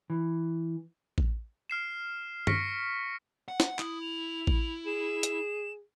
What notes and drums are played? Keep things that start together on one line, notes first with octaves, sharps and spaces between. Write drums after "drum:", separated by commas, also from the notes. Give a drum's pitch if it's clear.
E3
drum: kick A1
F6 C7 E7
C#6 F6 A#6 B6 C#7 D7, drum: tom G2
F#5
drum: snare
E4 D#6, drum: clap
F7
drum: kick A1
G#4 E7
drum: hi-hat